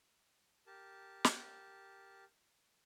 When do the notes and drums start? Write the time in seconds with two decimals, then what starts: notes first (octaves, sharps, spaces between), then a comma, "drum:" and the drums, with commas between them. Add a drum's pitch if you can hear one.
0.67 G4 A#4 A5
1.24 drum: snare